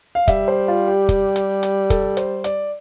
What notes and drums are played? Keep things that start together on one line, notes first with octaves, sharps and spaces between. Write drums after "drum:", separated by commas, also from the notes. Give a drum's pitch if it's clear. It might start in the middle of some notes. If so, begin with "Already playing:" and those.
F5
G3 E5, drum: kick, hi-hat
C5
F4
G4
drum: kick, hi-hat
drum: hi-hat
drum: hi-hat
A4, drum: kick, hi-hat
C5, drum: hi-hat
D5, drum: hi-hat